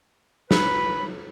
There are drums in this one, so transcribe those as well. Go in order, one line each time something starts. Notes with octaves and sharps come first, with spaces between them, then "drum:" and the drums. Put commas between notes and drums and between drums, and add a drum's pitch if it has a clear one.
B4 B5, drum: snare